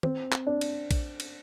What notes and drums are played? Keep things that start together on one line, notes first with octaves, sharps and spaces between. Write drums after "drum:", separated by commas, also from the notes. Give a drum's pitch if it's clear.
C4, drum: tom
drum: clap
D4
drum: cymbal
drum: kick A#1, cymbal
drum: cymbal